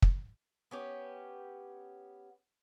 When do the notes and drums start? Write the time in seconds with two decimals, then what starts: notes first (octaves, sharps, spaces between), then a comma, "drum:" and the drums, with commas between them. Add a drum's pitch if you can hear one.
0.02 drum: kick
0.71 B3 C#4 G4